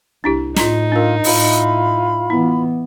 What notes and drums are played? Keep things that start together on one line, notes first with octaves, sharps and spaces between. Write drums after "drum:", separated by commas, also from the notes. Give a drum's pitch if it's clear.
C2 D4 E4 G4
A2 D#4 F4 A#5, drum: snare
D4 F4 A#4
A2 E4 F4 B5, drum: open hi-hat
E3 B3 E4